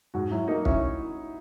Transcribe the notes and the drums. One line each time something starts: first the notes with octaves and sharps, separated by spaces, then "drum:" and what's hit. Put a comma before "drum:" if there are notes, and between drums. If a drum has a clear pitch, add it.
G#2 F#4
F#3 E4
A#3 D#4
C#4 E4, drum: kick